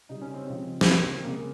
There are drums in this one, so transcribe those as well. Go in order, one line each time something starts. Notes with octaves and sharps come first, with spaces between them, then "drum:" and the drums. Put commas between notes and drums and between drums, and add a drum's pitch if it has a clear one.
C#3 G3 D#4
C#4
C4
C#3 F3 G#3 C4
C4, drum: snare
C#3 G#3 A#3
C4
C#3 G#3 A#3